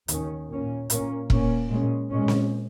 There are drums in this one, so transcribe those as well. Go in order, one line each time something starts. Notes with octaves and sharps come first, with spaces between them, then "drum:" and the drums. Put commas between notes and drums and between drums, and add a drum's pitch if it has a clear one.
D#2 D#3 C#4, drum: hi-hat
A#2 A#3 C#4
A#2 A#3 C#4, drum: hi-hat
A#2 A#3 C#4, drum: kick E1
A#2 G#3 C#4
A#2 G#3 C#4
drum: snare C4